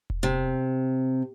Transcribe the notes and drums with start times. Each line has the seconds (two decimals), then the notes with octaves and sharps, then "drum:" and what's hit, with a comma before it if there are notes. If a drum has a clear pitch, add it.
0.10 drum: kick E1
0.23 C3